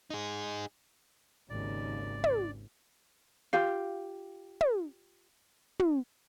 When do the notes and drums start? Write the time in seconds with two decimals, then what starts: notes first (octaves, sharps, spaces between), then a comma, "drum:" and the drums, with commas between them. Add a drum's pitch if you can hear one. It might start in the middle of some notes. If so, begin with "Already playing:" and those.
0.10 D#4 G#4
1.50 G#1 D#2 C#3 D5
2.24 drum: tom
3.53 F4 G4 F5, drum: snare
4.61 drum: tom
5.79 drum: tom